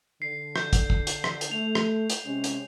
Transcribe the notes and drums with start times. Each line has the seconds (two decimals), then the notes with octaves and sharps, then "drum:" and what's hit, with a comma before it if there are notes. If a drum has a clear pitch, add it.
0.22 D3 C7
0.56 G6, drum: rim click
0.73 drum: kick, hi-hat
0.90 drum: kick
1.07 drum: hi-hat
1.24 drum: rim click
1.41 drum: hi-hat
1.51 A3 F7
1.75 drum: rim click
2.10 drum: hi-hat
2.26 C3 G#3 C#4
2.44 drum: hi-hat